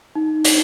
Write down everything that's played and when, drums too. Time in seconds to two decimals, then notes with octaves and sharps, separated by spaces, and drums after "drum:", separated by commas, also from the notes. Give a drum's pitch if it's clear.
0.15 D#4
0.45 drum: hi-hat